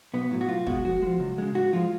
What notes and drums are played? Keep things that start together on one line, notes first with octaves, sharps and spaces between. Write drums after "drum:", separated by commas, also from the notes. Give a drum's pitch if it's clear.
B1 B3
A2 F#3
F#4
B1 F4
B2 G#3 F#4, drum: kick
F2 F#4
G#3
F3
C#2
C#3 G#3
G#2 F#4
F3 G#3 F4